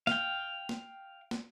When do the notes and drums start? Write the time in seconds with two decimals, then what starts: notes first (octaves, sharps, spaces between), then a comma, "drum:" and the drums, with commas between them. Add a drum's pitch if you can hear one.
0.07 F5 G5, drum: snare
0.69 drum: snare
1.31 drum: snare